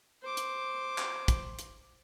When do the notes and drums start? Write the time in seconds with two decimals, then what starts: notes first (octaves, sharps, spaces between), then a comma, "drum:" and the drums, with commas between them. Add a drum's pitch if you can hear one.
0.22 C5 D6
0.37 drum: hi-hat
0.98 drum: clap
1.28 drum: kick, hi-hat
1.59 drum: hi-hat